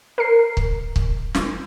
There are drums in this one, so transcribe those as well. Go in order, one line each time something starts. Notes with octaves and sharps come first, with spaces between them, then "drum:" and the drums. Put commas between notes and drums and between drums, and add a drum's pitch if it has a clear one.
A#4 C7
drum: kick
drum: kick
drum: snare